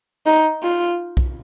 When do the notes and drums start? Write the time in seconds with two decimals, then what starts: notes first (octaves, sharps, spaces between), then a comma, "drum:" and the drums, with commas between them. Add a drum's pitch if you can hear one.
0.26 D#4
0.62 F4
1.17 drum: kick B1